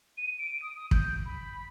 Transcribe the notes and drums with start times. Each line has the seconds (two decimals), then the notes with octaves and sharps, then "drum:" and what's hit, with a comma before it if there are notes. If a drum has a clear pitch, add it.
0.17 D#7
0.39 D7
0.62 D#6
0.91 G6, drum: kick
1.25 B5